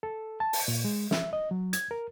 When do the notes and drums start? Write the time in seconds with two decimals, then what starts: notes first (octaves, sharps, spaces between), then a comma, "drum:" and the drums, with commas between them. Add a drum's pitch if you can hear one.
0.03 A4
0.40 A5
0.53 drum: open hi-hat
0.68 A#2
0.84 G#3
1.11 E5, drum: snare
1.33 D#5
1.51 F#3
1.73 G#6, drum: hi-hat
1.91 A#4